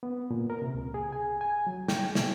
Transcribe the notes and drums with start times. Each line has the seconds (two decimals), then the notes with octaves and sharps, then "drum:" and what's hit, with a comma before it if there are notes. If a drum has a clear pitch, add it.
0.03 B3
0.31 A#2
0.50 A#4
0.62 C3
0.75 C#2
0.94 G#4
1.12 G#5
1.41 G#5
1.67 F#3
1.88 G5, drum: snare
2.15 B2, drum: snare